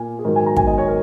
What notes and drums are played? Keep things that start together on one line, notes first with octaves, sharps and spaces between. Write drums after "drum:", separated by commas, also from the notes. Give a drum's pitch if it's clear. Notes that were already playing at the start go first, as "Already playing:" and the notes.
Already playing: A#2 A#3 G#5
G#4
G#2 D#3 F#3 A#4
G#5
A#5
G#5, drum: kick
D#5
C#5
A#4